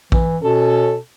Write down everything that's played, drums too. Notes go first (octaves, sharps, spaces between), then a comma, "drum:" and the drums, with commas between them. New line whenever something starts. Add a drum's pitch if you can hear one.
E3, drum: kick A#1
B2 C#4 A4